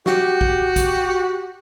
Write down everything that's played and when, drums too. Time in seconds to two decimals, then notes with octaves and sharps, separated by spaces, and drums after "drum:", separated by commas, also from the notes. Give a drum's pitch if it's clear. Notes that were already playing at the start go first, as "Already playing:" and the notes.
0.06 F#4 G4, drum: snare
0.41 drum: kick
0.76 drum: kick, hi-hat